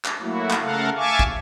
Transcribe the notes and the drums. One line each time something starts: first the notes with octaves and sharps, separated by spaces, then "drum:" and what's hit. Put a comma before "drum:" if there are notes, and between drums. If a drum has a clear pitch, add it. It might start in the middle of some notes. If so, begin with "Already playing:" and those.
drum: clap
F#3 A3 A#3 E4 F#4
drum: clap
C#3 A3 A4 A#4 F5 F#5
E5 F5 G#5 A5 C#6 D6
drum: kick